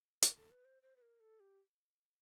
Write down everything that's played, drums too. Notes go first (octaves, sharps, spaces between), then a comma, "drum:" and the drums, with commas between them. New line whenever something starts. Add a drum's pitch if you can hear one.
A#4, drum: hi-hat
A4
B4
C5
C5
B4
A#4
A4
G4